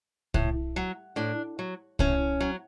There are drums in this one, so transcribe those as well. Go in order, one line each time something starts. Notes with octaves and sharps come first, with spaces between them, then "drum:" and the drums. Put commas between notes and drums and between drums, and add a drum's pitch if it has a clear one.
A2, drum: kick C2
F#3
A2 D4
F#3
A2 C#4, drum: kick C2
F#3